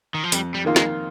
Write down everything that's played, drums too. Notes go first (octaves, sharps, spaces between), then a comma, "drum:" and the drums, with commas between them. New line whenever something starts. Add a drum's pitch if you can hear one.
D#3
F3
F2 G3, drum: hi-hat
G3
D#3 A#3 F4
G#3, drum: snare